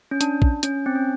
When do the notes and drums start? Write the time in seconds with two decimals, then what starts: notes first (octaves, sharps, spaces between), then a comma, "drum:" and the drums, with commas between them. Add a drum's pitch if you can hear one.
0.11 C#4
0.21 D4, drum: hi-hat
0.42 drum: kick
0.63 C#4, drum: hi-hat
0.86 C4
0.95 C#4